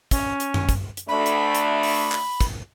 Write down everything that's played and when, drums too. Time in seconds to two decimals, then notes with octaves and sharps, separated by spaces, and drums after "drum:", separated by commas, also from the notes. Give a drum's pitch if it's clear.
0.11 C#4, drum: kick, hi-hat
0.40 drum: hi-hat
0.54 drum: tom F#2
0.69 drum: kick, hi-hat
0.97 drum: hi-hat
1.09 D2 A3 D4 B5
1.26 drum: hi-hat
1.55 drum: hi-hat
1.83 drum: open hi-hat
2.12 drum: clap
2.41 drum: kick, hi-hat